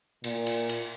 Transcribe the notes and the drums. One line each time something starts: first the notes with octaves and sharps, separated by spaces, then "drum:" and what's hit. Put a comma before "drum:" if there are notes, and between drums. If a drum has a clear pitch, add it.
A#2, drum: cymbal
drum: cymbal
drum: cymbal